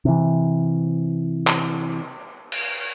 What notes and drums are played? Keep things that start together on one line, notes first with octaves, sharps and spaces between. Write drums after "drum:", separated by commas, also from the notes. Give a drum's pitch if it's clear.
C3 E3
drum: clap
drum: cymbal